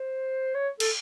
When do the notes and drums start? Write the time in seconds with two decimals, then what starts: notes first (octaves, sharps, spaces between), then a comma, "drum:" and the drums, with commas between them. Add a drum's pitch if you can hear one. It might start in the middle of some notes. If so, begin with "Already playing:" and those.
Already playing: C5
0.55 C#5
0.80 A4, drum: cymbal